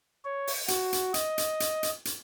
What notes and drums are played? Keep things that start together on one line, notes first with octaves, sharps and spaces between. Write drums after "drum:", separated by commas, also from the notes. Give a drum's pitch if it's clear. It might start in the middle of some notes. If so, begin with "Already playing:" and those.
C#5
drum: open hi-hat
F#4, drum: hi-hat
drum: hi-hat
D#5, drum: hi-hat
drum: hi-hat
drum: hi-hat
drum: hi-hat
drum: hi-hat